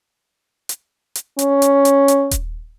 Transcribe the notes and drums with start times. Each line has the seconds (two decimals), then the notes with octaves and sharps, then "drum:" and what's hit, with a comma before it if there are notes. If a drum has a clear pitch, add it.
0.69 drum: hi-hat
1.15 drum: hi-hat
1.39 C#4, drum: hi-hat
1.62 drum: hi-hat
1.85 drum: hi-hat
2.08 drum: hi-hat
2.31 drum: kick D#1, hi-hat